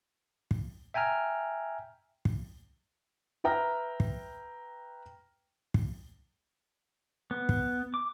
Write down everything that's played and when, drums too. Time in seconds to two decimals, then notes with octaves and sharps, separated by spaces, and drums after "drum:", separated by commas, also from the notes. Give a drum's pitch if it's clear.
0.51 drum: kick
0.94 E5 G5 G#5 A#5 F6
2.25 drum: kick
3.44 B4 E5 G5 A#5 F6 A#6
4.00 drum: kick
5.74 drum: kick
7.31 B3
7.49 drum: kick
7.94 D6